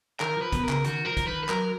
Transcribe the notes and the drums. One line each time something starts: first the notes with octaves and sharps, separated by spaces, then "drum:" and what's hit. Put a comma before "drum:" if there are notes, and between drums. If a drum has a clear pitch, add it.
D#3 A#4, drum: clap
F3
B4
B2, drum: kick, hi-hat
A#4
C#3, drum: clap
D#3 F#4, drum: hi-hat
F3 A#4
drum: kick, hi-hat
D#3 B4
B4
F#3 A#4, drum: clap